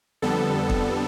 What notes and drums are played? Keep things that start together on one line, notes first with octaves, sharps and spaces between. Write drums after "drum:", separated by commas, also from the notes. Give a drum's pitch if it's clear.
F2 D3 G3 B3 A4
drum: kick